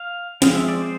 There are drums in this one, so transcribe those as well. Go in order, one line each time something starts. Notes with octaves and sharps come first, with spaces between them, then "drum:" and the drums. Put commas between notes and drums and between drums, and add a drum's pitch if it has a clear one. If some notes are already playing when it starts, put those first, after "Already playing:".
Already playing: F5
F3 G#3 C4 F5, drum: snare
E5
D5
C5